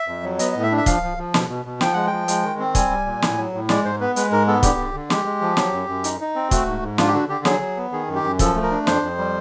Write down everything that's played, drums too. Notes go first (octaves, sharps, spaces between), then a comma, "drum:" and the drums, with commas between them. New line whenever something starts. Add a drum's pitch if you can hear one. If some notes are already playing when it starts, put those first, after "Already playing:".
Already playing: E5
F2
F#3
B3 D#5, drum: hi-hat
A2 D#5
E5
D4
E5
F3 F5, drum: kick, hi-hat
F3
F3
B2, drum: snare
B2
B2
F3 G5, drum: snare
G#3 F#5
G5
F3
G#3, drum: hi-hat
D#3
C4
G3 G#5, drum: kick, hi-hat
G3
A#2
A2, drum: snare
F#3
A2
G#3 D5, drum: snare
G#2 C5
B3 B4
G#3 B4, drum: hi-hat
G#2 A#4
B3 A4
D3 G4, drum: kick, hi-hat
D3
D3
G#3 G4, drum: snare
G#3
F3
F#3, drum: snare
F#2
F#2
D#4, drum: hi-hat
D#4
C4
A3 F#4, drum: kick, hi-hat
G#2
G#2
D4 F4, drum: snare
G4
D3 F#4
D3 G4
F#3 G#4, drum: snare
F#3
B3
D#3 G#4
F#2
G4
F#2
F3 A4, drum: kick, hi-hat
A3
A#4
D4
F2 C5, drum: snare
F2
G3